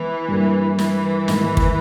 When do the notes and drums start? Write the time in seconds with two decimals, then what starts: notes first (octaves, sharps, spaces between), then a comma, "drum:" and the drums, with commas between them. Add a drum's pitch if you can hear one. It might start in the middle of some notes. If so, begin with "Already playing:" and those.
Already playing: E3 G#3 B3
0.28 G2 G3 A#3
0.79 E3, drum: snare
1.28 G#2 D#3 A#3, drum: snare
1.57 drum: kick